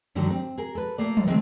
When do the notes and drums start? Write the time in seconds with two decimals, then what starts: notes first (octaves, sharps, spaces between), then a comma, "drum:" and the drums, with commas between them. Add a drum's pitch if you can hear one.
0.15 G2 D3 D#3 F#3 G3 D4
0.30 C4
0.58 G#4 A#4
0.75 A4 B4
0.98 A3 A#3 D5
1.17 drum: tom
1.26 D3 D#3 G#3 A3 C4